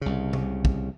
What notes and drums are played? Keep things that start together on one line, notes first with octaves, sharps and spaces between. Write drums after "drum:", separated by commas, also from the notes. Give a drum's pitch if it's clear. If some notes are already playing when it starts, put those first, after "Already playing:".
C2 C#3
drum: tom C3
drum: kick